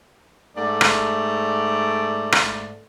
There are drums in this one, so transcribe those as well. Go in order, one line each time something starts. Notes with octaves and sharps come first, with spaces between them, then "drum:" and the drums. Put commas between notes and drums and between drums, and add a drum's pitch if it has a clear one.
G#2 A3 D5
drum: rim click
drum: rim click